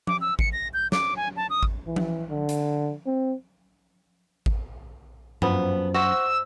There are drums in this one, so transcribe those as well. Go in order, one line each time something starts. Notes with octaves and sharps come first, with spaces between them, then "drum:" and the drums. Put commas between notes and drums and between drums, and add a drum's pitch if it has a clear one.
D6, drum: tom F3
E6
C#7, drum: kick G#1
A#6
G6
D6, drum: snare
G#5
A5
D#6
drum: kick G#1
E3
drum: tom F3
D3
drum: hi-hat
C4
drum: kick G#1
F#2 F3 B3, drum: tom G2
F#4 C5 D#5 E5 E6